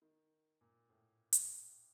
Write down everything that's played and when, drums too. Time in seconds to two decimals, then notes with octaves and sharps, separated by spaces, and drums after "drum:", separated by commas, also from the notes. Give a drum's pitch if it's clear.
0.02 D#3
0.61 A#2
0.90 A2
1.33 drum: hi-hat